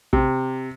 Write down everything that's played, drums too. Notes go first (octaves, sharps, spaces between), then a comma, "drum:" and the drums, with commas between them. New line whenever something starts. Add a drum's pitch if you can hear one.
C3, drum: kick